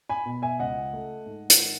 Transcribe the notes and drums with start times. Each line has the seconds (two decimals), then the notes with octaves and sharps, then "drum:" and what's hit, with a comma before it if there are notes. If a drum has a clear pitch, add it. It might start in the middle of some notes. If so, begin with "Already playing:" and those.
0.09 G#5 B5
0.26 B2
0.42 E5 G#5
0.59 C#2 D#5 F#5
0.93 A3
1.26 G#2
1.50 drum: hi-hat
1.59 D#3